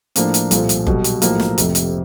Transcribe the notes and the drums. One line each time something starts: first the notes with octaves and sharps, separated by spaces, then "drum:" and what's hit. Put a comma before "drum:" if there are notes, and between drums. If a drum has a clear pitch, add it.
A2 F3 A#3 D4, drum: hi-hat
drum: hi-hat
C2 A#2 F3 A3, drum: hi-hat
drum: hi-hat
B1 B2 G3, drum: kick F#1
drum: hi-hat
B1 A2 F3 A#3, drum: hi-hat
drum: snare
F1 F2 C3, drum: hi-hat
drum: hi-hat